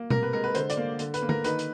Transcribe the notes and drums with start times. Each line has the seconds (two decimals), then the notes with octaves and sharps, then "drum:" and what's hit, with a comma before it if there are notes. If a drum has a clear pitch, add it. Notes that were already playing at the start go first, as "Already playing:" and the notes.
Already playing: A#3
0.10 C3 A#4, drum: tom B2
0.23 B4
0.33 G#3 A#4
0.44 B4
0.55 D3 C5, drum: hi-hat
0.70 D5, drum: hi-hat
0.77 A#3
0.99 D3, drum: hi-hat
1.14 B4, drum: hi-hat
1.22 A#3
1.29 A#4, drum: tom D3
1.44 D#3 B4, drum: hi-hat
1.59 drum: hi-hat